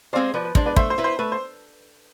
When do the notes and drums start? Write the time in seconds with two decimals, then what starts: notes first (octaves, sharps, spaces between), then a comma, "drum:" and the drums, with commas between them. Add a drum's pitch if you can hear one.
0.13 G#3 C4 G#4 C5 D5 F5
0.34 F3 B4 D5
0.45 B4
0.55 G#3 D4 C5, drum: kick
0.66 B4 D5
0.76 A3 C5 E5, drum: kick
0.90 C5
0.98 E4 B4
1.04 C5
1.19 A3 B4
1.32 C5